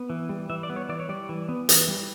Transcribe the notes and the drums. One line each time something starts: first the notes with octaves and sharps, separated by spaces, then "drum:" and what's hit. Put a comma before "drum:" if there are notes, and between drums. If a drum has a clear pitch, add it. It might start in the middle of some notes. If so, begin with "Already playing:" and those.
Already playing: B3
E3
G3
E3 E5
D5
B3
C#5
E3 D5
C#5
G3 D5
E3
B3
E3, drum: hi-hat
G3